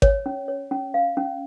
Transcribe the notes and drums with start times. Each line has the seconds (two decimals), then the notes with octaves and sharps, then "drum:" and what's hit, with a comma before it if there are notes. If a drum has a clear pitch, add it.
0.02 C#5, drum: kick G#1
0.26 C#4
0.48 C#5
0.71 C#4
0.94 F5
1.17 C#4